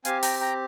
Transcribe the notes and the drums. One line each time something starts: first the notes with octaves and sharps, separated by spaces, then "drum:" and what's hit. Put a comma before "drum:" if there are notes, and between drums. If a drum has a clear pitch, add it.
C4 G4 F5 G#5, drum: hi-hat
G5 A#5, drum: open hi-hat
G5 A#5